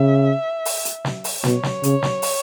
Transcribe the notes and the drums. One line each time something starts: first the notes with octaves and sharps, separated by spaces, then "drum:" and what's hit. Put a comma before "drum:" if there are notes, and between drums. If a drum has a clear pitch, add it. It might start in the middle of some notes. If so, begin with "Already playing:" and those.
Already playing: C#3 E5
drum: open hi-hat
drum: hi-hat
drum: snare
drum: open hi-hat
B2 C#5, drum: snare
drum: snare
C#3, drum: hi-hat
drum: snare
drum: open hi-hat